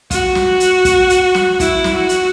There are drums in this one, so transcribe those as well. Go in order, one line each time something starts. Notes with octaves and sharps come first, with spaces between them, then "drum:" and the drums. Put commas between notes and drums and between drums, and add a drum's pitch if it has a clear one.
F#4, drum: kick, hi-hat
drum: snare
drum: hi-hat
drum: kick, hi-hat
drum: hi-hat
drum: snare
E4, drum: kick, hi-hat
drum: snare
F#4
drum: hi-hat